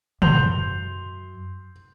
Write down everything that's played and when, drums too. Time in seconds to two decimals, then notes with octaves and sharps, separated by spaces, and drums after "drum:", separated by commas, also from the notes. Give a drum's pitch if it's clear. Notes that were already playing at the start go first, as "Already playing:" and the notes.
0.22 F#2 C6 G6 F7, drum: tom